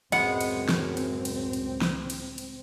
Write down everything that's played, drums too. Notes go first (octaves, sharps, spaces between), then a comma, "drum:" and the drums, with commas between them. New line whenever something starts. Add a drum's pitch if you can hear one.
C#2 F#2 A2 G#3 B3 C4 F#5, drum: cymbal
drum: cymbal
drum: snare
drum: cymbal
drum: cymbal
drum: cymbal
drum: snare
drum: cymbal
drum: cymbal